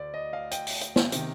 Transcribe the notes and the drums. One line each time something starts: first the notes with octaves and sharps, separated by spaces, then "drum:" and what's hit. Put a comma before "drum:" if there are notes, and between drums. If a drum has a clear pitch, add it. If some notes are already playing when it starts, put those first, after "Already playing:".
Already playing: D2 D5
D#5
F5
G5, drum: hi-hat
drum: open hi-hat
drum: hi-hat
drum: snare
C3 D#3, drum: hi-hat